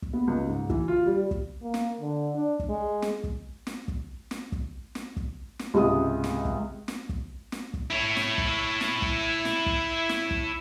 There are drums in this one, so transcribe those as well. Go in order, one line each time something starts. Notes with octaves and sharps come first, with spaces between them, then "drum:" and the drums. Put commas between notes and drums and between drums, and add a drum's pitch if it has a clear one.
drum: kick
B3
C#2
G#2
E3, drum: kick
F4
G3
drum: kick
A#3
drum: snare
D3
D4
drum: kick
G#3
drum: snare
drum: kick
drum: snare
drum: kick
drum: snare
drum: kick
drum: snare
drum: kick
drum: snare
C#2 G#2 C3 G#3 D#6
drum: snare
drum: kick
drum: snare
drum: kick
drum: snare
drum: kick
E4 C#5
drum: snare
drum: kick
drum: snare
drum: kick
drum: snare
drum: kick
drum: snare
drum: kick